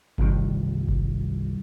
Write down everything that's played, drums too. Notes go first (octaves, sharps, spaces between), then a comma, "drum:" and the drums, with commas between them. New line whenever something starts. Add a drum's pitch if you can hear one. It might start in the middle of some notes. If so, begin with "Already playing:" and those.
C2 G2 D#3, drum: kick G1
drum: kick G1